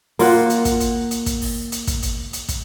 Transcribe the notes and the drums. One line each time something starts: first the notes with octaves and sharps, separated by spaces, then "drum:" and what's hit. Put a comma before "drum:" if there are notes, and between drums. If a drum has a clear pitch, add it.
A#3 F4 F#5, drum: open hi-hat
drum: hi-hat
drum: kick, hi-hat
drum: hi-hat
drum: hi-hat
drum: kick, hi-hat
drum: open hi-hat
drum: hi-hat
drum: kick, hi-hat
drum: hi-hat
drum: hi-hat
drum: kick, hi-hat